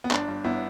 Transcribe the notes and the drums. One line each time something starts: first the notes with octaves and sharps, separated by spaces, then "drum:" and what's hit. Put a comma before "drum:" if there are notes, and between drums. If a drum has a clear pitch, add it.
B3
G1 D4, drum: clap
G2
G1 B3 E4